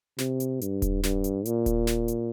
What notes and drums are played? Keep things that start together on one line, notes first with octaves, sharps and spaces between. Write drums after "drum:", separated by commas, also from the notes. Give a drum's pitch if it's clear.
C3, drum: snare
drum: hi-hat
G2, drum: hi-hat
drum: kick D#1, hi-hat
G2, drum: snare
drum: hi-hat
A#2, drum: hi-hat
drum: kick D#1, hi-hat
drum: snare
drum: hi-hat